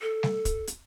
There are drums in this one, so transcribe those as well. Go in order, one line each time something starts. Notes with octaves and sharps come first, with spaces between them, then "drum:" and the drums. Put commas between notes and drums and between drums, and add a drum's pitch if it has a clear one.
A4
drum: snare G3
drum: kick, hi-hat
drum: hi-hat